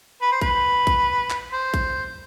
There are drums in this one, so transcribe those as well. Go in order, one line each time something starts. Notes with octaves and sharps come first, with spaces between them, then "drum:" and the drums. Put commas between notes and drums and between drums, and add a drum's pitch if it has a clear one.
B4
C5
B4, drum: kick, hi-hat
drum: kick, hi-hat
drum: clap
C5
drum: kick, hi-hat